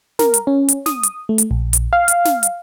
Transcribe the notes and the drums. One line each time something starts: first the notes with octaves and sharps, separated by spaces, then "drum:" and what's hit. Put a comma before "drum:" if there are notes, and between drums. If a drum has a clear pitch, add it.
A#4, drum: snare
drum: hi-hat
C#4
drum: hi-hat
D#6, drum: snare
drum: hi-hat
A3
drum: hi-hat
A#1
drum: hi-hat
F5
drum: hi-hat
drum: snare
drum: hi-hat